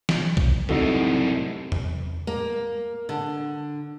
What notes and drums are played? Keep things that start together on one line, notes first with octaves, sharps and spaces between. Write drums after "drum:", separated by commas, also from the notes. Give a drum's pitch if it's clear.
drum: snare
drum: kick B1
C2 F#2 A2 D#4 F#4 A4, drum: tom C#3
drum: tom E2
A#3
D3